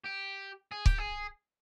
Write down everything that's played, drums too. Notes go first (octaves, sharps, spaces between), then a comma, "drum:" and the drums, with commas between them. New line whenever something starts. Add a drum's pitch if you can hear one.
G4
G#4
G4, drum: kick C#1
G#4